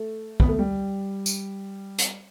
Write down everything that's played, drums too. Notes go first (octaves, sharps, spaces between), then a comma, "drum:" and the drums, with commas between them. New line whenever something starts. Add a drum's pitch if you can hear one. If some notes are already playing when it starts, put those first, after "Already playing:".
Already playing: A3
B3, drum: kick
A3
G3
drum: tambourine
drum: hi-hat